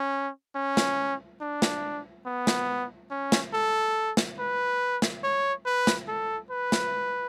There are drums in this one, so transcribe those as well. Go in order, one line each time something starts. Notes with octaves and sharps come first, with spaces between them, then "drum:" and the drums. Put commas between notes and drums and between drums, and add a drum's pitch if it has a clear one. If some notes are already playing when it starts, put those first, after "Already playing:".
Already playing: C#4
C#4
drum: snare
D4
drum: snare
B3
drum: snare
C#4
drum: snare
A4
drum: snare
B4
drum: snare
C#5
B4
drum: snare
A4
B4
drum: snare